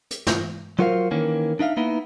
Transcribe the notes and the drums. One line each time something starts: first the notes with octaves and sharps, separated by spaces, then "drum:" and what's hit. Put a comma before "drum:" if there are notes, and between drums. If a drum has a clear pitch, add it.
drum: hi-hat
drum: snare
F#3 F4 F#4 A#4 C5 F5
D#3 E3 A#3 C#4
D4 D#4 E5 F5
A#3 B3 D#4 E4